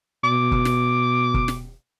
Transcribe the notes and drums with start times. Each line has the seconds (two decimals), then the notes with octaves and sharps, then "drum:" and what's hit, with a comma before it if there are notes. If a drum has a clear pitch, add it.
0.24 B2 D6
0.51 drum: kick
0.65 drum: snare
1.34 drum: kick
1.48 drum: snare